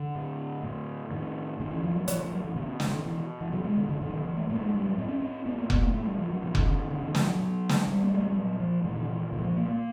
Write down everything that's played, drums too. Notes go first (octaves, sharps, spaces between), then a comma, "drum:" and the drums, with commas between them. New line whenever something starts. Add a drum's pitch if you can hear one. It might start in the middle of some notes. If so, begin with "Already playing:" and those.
Already playing: D3
A2
A2
A2 D#3
A2 D#3
E3
F3
F#3
A2 F3, drum: hi-hat
F3
F#3
E3
B2 D3
D#3, drum: snare
D3
D#3
B2 E3
E3
B2 F#3
G#3
D#3
D3
B2 D#3
D#3
E3
A3
A2 A#3
G#3
G3
F#3
A2 C4
C#4
C4
A2 B3
A#3
B3, drum: kick F1
A#3
A2 A3
G3
F3
F#3
B2 F3
D#3, drum: kick F1
D3
D#3
B2 D3
D#3
F3, drum: snare
F#3
B2
drum: snare
B2 G3
A#3
A3
G#3
G3
A#2 F#3
F3
A#2 E3
D#3
E3
A#2 D#3
E3
F3
A#3
A#3